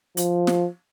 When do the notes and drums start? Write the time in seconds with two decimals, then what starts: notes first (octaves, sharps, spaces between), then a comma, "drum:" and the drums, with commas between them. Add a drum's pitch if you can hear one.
0.17 F3, drum: hi-hat
0.47 drum: snare